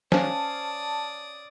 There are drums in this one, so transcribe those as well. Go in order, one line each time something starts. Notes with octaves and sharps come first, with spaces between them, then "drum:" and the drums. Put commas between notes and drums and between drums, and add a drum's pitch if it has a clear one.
C#4 C5 D5 F5 G#5 A5 D#6, drum: snare